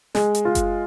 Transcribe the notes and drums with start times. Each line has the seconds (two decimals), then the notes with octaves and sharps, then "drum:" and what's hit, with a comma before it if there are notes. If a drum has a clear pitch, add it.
0.15 G#3, drum: snare
0.35 drum: hi-hat
0.45 F4
0.55 drum: kick F#1, hi-hat